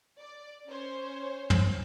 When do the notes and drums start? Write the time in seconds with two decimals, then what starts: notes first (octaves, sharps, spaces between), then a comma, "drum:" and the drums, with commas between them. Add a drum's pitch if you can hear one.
0.19 D5
0.67 C#4 C5 C#5
1.50 drum: tom